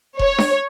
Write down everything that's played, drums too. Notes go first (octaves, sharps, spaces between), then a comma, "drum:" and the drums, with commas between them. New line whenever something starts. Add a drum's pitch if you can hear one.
C#5, drum: kick E1
drum: snare D4